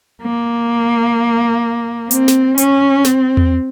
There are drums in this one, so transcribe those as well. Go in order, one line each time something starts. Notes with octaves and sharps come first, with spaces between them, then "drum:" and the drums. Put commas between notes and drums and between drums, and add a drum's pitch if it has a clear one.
A#3
C4, drum: hi-hat
drum: snare
C#4, drum: hi-hat
C4, drum: snare
drum: tom E2